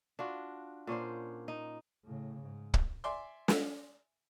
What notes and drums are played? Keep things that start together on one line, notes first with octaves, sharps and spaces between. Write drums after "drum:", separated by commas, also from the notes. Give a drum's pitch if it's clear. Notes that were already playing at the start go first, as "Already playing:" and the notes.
D4 F4 F#4
A#2 C#4 D4 C5
D#4
A2 C#3
G#2
drum: kick
D5 E5 G#5 C6 D6
drum: snare